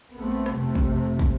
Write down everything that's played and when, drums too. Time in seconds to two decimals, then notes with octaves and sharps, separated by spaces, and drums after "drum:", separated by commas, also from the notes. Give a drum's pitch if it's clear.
0.17 A#1 A3 B3 C4
0.46 drum: rim click
0.56 F1 C3 A3 C4
0.75 drum: kick
1.19 drum: kick